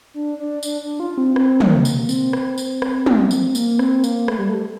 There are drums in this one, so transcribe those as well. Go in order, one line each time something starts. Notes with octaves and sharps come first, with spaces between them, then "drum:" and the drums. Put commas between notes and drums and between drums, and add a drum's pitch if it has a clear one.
D4
D4
D4, drum: tambourine
D4
F4
C4
C4, drum: rim click
A#3, drum: tom
A#3, drum: tambourine
C4, drum: tambourine
drum: rim click
drum: tambourine
drum: rim click
drum: tom
drum: tambourine
A#3, drum: tambourine
C4, drum: rim click
A#3, drum: tambourine
A3, drum: rim click
G3
A3